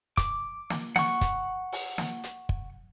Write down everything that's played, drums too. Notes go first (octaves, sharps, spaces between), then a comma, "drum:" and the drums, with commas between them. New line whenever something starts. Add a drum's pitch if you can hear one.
D6, drum: kick, hi-hat
drum: snare
F#5 C#6, drum: snare
drum: kick, hi-hat
drum: open hi-hat
drum: snare
drum: hi-hat
drum: kick